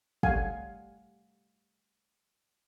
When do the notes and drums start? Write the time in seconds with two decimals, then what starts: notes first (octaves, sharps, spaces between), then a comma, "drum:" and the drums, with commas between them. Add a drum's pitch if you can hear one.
0.23 G3 A3 G4 F5 F#5 G#5, drum: kick